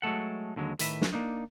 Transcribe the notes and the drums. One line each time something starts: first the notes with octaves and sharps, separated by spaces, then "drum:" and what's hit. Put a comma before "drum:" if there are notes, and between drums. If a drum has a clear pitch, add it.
F#3 G#3 A3 A4 F#5
D#2 D3 F#3 G#3
A2 D#3 B4 E5, drum: hi-hat
drum: snare
A#3 D4 D#4